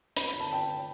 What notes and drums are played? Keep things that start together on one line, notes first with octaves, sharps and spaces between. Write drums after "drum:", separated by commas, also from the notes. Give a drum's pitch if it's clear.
B5, drum: hi-hat
B5
A5
G5